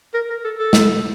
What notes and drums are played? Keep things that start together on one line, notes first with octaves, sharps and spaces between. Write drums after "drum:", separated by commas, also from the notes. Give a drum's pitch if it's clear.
A#4
A#4
A4
A4
drum: snare